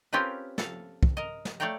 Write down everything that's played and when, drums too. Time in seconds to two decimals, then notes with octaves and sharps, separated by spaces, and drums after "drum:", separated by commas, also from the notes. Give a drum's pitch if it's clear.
0.13 C4 C#4 F4 G4 A#4 B4
0.58 A4 F5, drum: snare
1.03 drum: kick
1.17 A#4 D#5
1.45 drum: snare
1.60 A3 C#5 D5 F5 G5 A#5